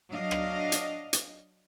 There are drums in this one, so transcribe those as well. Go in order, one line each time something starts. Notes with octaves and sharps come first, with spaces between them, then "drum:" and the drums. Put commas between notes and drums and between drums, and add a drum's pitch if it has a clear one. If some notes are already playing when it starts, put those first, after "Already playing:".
F#3 D4 D#5 F5
drum: rim click
drum: hi-hat
drum: hi-hat